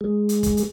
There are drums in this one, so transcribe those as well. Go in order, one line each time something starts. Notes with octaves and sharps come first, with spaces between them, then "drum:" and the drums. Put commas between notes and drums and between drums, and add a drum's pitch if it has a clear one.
G#3
drum: hi-hat
drum: kick, hi-hat
drum: hi-hat